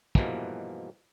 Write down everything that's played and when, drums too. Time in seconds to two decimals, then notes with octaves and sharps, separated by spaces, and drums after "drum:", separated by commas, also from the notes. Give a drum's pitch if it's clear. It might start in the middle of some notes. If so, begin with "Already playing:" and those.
0.15 G2 B2 E3 F3 G#3 A#3, drum: kick